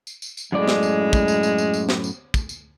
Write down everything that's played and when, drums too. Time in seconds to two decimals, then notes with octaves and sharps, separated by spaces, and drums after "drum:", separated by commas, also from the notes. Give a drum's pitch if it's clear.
0.07 drum: tambourine
0.22 drum: tambourine
0.37 drum: tambourine
0.52 F#2 A2 G#3 D5
0.68 drum: snare
0.83 drum: tambourine
1.13 drum: kick, tambourine
1.28 drum: tambourine
1.43 drum: tambourine
1.58 drum: tambourine
1.73 drum: tambourine
1.89 drum: snare
2.04 drum: tambourine
2.34 drum: kick, tambourine
2.49 drum: tambourine